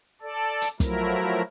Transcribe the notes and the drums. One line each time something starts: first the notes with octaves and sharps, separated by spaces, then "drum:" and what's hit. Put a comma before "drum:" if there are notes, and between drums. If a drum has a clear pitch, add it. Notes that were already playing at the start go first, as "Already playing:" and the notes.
A4 D5
drum: hi-hat
F3 F#3 A3 E4 A#4, drum: kick, hi-hat